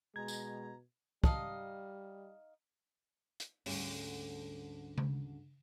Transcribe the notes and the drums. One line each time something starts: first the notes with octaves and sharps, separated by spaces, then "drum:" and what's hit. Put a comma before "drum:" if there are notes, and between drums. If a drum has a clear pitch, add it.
B2 G#3 A#5 G#6
drum: tambourine
G3 D#4 D#5 F5 A5, drum: kick
drum: hi-hat
D2 G#2 D3 G3 C#4, drum: open hi-hat
drum: tom C#3